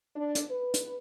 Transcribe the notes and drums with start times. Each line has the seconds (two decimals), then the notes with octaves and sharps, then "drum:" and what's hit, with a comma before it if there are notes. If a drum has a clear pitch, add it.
0.16 D4
0.35 drum: hi-hat
0.51 B4
0.74 drum: hi-hat